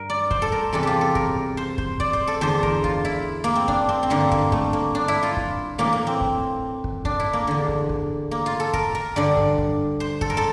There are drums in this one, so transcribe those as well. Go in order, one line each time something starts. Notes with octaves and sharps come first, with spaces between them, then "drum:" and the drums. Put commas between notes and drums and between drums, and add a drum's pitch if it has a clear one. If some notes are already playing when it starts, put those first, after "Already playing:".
Already playing: G2 A#4
D5
C5, drum: kick
A4
A#4
E2 C3 E3 A4
F4 G4
A4
A#4, drum: kick
C5
C5, drum: kick
D5, drum: kick
C5
A4
E2 D3 C5
A#4, drum: kick
F4, drum: kick
E4
A#3
C4
D4, drum: kick
C4
C4
G2 D3 A#3
A#3, drum: kick
A3, drum: kick
A#3
D4
E4
F4
drum: kick
A2 E3 A#3
A#3
C4
drum: kick
drum: kick
D4, drum: kick
E4
A#3
E2 D3
drum: kick
drum: kick
A#3
F4
A4
A#4, drum: kick
A#4
G2 D3 D5
drum: kick
drum: kick
C5
A4, drum: kick
A#4
A4